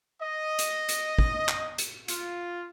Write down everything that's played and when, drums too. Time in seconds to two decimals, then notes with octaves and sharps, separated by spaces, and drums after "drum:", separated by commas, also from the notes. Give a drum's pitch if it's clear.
0.21 D#5
0.59 drum: hi-hat
0.89 drum: hi-hat
1.18 drum: kick
1.48 drum: clap
1.78 drum: hi-hat
2.08 F4, drum: hi-hat